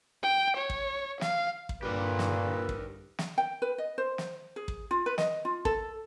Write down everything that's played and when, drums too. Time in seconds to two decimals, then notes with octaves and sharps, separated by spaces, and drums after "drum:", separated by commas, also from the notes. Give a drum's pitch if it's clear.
0.23 G5
0.57 C#5
0.70 drum: kick
1.21 F5, drum: snare
1.69 drum: kick
1.83 G2 A#2 D3 G4 A#4 B4 D5
2.19 drum: snare
2.69 drum: kick
3.19 drum: snare
3.38 G5
3.62 B4
3.78 D#5
3.98 C5
4.18 drum: snare
4.56 G#4
4.68 drum: kick
4.91 F4
5.06 B4
5.18 D#5, drum: snare
5.45 F4
5.65 A4, drum: kick